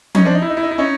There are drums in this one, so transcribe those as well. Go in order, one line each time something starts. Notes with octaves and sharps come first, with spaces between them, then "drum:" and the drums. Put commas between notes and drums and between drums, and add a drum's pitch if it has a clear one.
C#4 D#4, drum: tom F3
C4 D4
D#4
E4
D#4
E4
D#4
E4
C#4 D#4